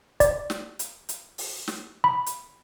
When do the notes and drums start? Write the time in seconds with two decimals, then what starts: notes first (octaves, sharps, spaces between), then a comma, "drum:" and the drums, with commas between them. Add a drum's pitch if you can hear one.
0.20 D5, drum: kick, hi-hat
0.50 drum: snare
0.79 drum: hi-hat
1.09 drum: hi-hat
1.38 drum: open hi-hat
1.68 drum: snare
2.04 B5
2.26 drum: hi-hat